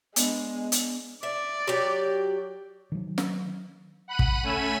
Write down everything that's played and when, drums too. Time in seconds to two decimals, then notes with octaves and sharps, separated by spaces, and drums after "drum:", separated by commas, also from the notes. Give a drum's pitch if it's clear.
0.16 G#3 B3 D4 B4, drum: hi-hat
0.72 drum: hi-hat
1.23 D5 E5
1.68 F#3 G4
2.92 D#3 F#3
3.18 drum: snare
4.08 F#5 B5 F#6 D#7
4.19 drum: kick
4.43 A3 C#4 G#5 B5 E6 D#7